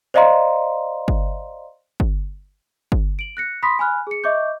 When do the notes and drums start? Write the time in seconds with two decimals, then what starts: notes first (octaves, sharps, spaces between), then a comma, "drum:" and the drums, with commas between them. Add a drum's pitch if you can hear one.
0.14 C5 D5 D#5 F5 A#5 C6
1.08 drum: kick G1
2.00 drum: kick G1
2.92 drum: kick G1
3.19 D7 F#7
3.37 F#6 A#6 C#7
3.63 B5 C6 D#6 A#6 B6
3.79 G#5 B5 F6 F#6
4.07 G#4 C#7
4.24 D#5 E5 C#6 D6 G6